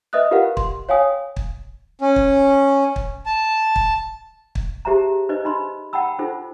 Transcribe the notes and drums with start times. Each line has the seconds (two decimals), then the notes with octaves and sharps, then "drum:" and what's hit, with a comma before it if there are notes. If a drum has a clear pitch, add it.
0.13 B4 D#5 E5 D#6 F#6
0.31 F4 G4 A#4 B4 F5 F#5
0.57 C6, drum: kick
0.89 C#5 F5 G5 G#5 D#6
1.36 drum: kick
2.02 C#4
2.16 drum: kick
2.96 drum: kick
3.26 A5
3.76 drum: kick
4.55 drum: kick
4.85 G4 G#4 C5 E5 A5 A#5
5.29 D#4 B4 C5 D#5
5.45 D#4 B5 C6
5.93 F#5 G5 A5 B5 E6
6.19 D#4 F4 A4 C5